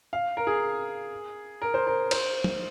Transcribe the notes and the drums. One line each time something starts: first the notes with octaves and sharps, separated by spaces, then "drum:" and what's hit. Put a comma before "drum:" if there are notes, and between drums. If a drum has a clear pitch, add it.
F5
A#4
G#4
A#4
C5
A#4
C5, drum: cymbal
drum: tom